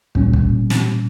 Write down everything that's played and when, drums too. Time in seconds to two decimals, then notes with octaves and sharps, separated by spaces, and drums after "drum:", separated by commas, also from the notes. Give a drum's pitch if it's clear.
0.15 A#2 G3 C#4, drum: kick
0.33 drum: kick
0.70 drum: snare